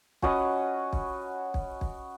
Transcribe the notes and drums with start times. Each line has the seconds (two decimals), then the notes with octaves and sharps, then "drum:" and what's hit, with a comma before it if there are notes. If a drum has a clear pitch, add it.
0.22 C#4 F#4 B4 D#5, drum: kick
0.93 drum: kick
1.54 drum: kick
1.81 drum: kick